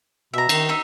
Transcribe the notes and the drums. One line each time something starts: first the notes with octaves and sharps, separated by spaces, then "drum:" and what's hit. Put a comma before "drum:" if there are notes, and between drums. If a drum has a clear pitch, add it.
B2 E5 A#5
D#3, drum: cymbal
D#4 E5